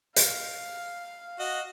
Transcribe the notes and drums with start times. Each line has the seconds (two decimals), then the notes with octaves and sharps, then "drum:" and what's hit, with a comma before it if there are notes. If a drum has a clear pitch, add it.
0.16 F5, drum: hi-hat
1.39 F#4 D#5